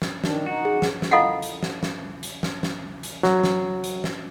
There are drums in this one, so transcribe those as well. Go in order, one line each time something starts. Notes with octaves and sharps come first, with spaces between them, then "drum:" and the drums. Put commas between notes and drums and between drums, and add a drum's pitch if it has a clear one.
drum: snare
D#3 D4, drum: snare
D#4 F#4
G#4
drum: snare
drum: snare
E4 F4 A4 D#5 F5 F#5
drum: hi-hat
drum: snare
drum: snare
drum: hi-hat
drum: snare
drum: snare
drum: hi-hat
F#3, drum: snare
drum: snare
drum: hi-hat
drum: snare